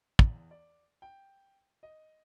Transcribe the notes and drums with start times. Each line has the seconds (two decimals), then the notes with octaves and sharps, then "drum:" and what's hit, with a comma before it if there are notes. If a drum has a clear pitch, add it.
0.19 E2, drum: kick
0.51 D5
1.02 G5
1.83 D#5